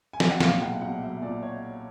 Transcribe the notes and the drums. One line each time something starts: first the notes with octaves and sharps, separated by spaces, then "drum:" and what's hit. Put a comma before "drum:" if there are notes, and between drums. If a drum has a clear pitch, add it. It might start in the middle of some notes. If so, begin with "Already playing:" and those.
G#5
F#3 G5, drum: snare
F#5
A#2 F5, drum: snare
G5
B1 F#5
B1 F#5
F#3 E5
A#2 D5
C#5